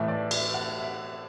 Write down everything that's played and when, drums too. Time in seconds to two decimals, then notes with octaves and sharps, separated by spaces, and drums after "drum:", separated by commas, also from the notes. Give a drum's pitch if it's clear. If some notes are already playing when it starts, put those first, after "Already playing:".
Already playing: A2 E3 A3 E5
0.08 D5
0.31 E5, drum: cymbal
0.54 F#5
0.78 E5